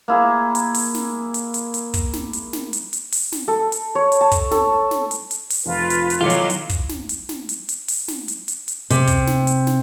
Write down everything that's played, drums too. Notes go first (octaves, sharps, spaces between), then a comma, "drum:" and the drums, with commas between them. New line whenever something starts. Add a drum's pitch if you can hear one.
A#3 E4 G#4
drum: hi-hat
drum: open hi-hat
drum: snare
drum: hi-hat
drum: hi-hat
drum: hi-hat
drum: kick, hi-hat
drum: snare
drum: hi-hat
drum: snare
drum: hi-hat
drum: hi-hat
drum: open hi-hat
drum: snare
A4
drum: hi-hat
C#5
drum: hi-hat
A5
drum: kick, hi-hat
A4, drum: snare
drum: snare
drum: hi-hat
drum: hi-hat
drum: open hi-hat
F1 F4 B4
drum: hi-hat
drum: hi-hat
B2 D#3 F#3 C#4 E4 F4 A4 D6
drum: hi-hat
drum: hi-hat
drum: kick, hi-hat
drum: snare
drum: hi-hat
drum: snare
drum: hi-hat
drum: hi-hat
drum: open hi-hat
drum: snare
drum: hi-hat
drum: hi-hat
drum: hi-hat
C3, drum: hi-hat
drum: kick, hi-hat
drum: snare
drum: hi-hat
drum: snare